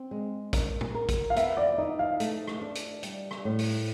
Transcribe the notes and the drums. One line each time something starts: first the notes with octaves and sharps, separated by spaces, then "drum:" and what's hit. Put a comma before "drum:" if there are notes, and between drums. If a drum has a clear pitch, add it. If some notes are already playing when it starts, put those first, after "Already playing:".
Already playing: C4
G#3
A#4, drum: kick, hi-hat
drum: tom
A#4
drum: kick, hi-hat
F5
B3 E5, drum: hi-hat
D5
D#4 D#5
F5
A3, drum: hi-hat
drum: rim click
D4
drum: hi-hat
G3, drum: hi-hat
drum: rim click
A2
drum: open hi-hat